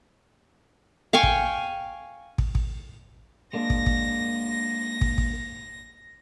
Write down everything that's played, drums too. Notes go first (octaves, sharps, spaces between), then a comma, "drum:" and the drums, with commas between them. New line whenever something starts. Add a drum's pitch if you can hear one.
F5 G5 G#5 C#6
drum: kick
drum: kick
drum: kick
G#3 A#3 D4 A#6
drum: kick
drum: kick
drum: kick
drum: kick